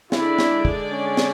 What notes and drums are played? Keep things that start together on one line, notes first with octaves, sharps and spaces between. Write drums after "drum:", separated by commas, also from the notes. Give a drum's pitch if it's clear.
D3 G#3 D4 E4 G#4 D5, drum: snare
drum: snare
drum: kick
C#4
drum: snare